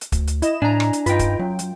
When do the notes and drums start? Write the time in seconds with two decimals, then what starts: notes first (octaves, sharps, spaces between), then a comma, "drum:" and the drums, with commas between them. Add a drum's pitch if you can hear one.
0.01 drum: hi-hat
0.12 D2, drum: kick, hi-hat
0.27 drum: hi-hat
0.42 E4 D#5 E7, drum: hi-hat
0.62 A2 D4 G#5 A#5
0.80 drum: rim click
0.93 drum: hi-hat
1.06 G2 D#4 F4 B4 G5, drum: hi-hat
1.19 drum: kick, hi-hat
1.39 F#2 F#3
1.59 drum: hi-hat